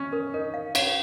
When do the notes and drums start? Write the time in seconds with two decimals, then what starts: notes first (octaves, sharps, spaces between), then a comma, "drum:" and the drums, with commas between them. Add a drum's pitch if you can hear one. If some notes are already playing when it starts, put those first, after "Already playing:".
Already playing: C#4
0.13 A#4
0.33 D#4 A#4
0.54 F5
0.75 C#5 F5, drum: cymbal